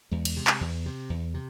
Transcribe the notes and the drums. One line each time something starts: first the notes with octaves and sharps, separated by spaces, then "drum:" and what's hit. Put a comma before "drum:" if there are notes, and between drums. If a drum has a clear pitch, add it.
E2 G#3
drum: cymbal
C3
drum: clap
E2
C3
E2
C3